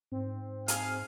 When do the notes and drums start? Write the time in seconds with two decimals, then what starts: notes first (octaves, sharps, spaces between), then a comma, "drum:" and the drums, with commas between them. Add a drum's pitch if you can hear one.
0.12 G#2 C4
0.68 G#4 F5, drum: hi-hat